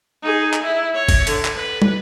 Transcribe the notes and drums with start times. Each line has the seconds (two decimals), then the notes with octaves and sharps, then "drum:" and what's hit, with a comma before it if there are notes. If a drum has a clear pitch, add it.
0.23 D#4 G#4
0.54 drum: clap
0.63 E4
0.94 C#5
1.09 drum: kick, cymbal
1.27 D3, drum: cymbal
1.45 drum: clap
1.56 B4
1.82 drum: tom